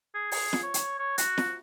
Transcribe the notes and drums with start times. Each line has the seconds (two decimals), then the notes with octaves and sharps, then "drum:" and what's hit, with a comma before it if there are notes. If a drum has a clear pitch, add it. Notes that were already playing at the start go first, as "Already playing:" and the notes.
0.14 G#4
0.32 G#4, drum: open hi-hat
0.53 drum: snare
0.63 C#5
0.74 drum: hi-hat
0.99 C#5
1.18 F#4, drum: hi-hat
1.38 drum: snare